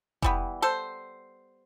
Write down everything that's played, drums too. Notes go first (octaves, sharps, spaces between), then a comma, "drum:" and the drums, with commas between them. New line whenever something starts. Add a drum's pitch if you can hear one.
E3 G3 B3, drum: kick F1
A4 C5